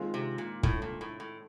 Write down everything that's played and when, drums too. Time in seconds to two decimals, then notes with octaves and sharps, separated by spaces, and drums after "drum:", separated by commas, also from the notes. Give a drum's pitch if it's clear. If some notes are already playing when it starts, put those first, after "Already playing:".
Already playing: D#3 G#3 C4 F4
0.14 C3
0.38 A#2
0.63 A2, drum: kick
0.82 A#2
1.01 A2
1.20 A2